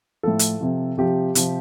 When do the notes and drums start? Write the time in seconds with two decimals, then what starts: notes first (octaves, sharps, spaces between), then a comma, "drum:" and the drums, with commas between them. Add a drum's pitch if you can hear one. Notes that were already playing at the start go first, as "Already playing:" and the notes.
0.23 A2 F3 A4
0.39 drum: hi-hat
0.61 C3 F3
0.98 C3 F3 G4
1.35 C3 F3, drum: hi-hat